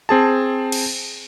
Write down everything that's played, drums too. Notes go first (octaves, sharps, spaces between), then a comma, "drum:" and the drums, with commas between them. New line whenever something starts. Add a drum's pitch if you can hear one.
C4 G#4 A5
drum: cymbal